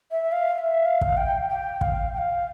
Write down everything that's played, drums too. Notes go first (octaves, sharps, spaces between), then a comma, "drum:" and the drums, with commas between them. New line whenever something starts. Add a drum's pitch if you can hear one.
E5
F5
F5
E5
F5
drum: kick
G5
G5
F5, drum: kick
G5
F5